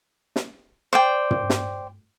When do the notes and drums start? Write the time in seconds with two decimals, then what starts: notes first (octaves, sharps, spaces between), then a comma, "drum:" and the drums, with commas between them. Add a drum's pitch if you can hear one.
0.36 drum: snare
0.93 C5 D5 G5
1.31 drum: tom
1.50 drum: snare